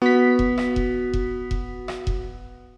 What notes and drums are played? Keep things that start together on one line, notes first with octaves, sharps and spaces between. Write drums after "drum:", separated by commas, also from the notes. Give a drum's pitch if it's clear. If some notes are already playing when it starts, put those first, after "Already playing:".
B3 F#4 B6
drum: kick E1
drum: rim click
drum: kick E1
drum: kick E1
drum: kick E1
drum: rim click
drum: kick E1